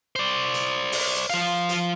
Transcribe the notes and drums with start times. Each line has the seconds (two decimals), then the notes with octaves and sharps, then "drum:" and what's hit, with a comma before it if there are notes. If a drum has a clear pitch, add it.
0.16 C5 D5
0.54 drum: hi-hat
0.92 drum: open hi-hat
1.30 F3 F5, drum: hi-hat
1.69 drum: hi-hat